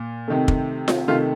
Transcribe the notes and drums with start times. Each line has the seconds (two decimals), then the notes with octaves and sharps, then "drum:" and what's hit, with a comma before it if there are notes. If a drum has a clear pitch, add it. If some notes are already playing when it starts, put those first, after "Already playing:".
Already playing: A#2
0.28 C3 D#3 A3
0.48 drum: kick
0.88 drum: snare F4
1.08 C3 D#3 A3 F4